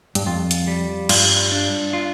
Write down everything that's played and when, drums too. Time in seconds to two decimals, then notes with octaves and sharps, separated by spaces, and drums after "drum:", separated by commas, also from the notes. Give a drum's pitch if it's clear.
0.15 G2, drum: hi-hat
0.26 F2 F4
0.51 drum: hi-hat
0.67 G3
1.09 G2 F4, drum: cymbal
1.52 D4
1.93 F4